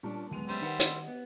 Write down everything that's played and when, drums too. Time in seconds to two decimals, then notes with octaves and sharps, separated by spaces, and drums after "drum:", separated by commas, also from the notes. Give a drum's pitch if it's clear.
0.03 A#2 G3 C#4 D4 A5
0.31 D#2 F#3 G#3 B3 D#7 F7
0.49 G3 C#4 C5 E5 D#7
0.61 D#3 D#4 A#4 B4 F#5
0.79 G4 D#5, drum: hi-hat
1.07 B3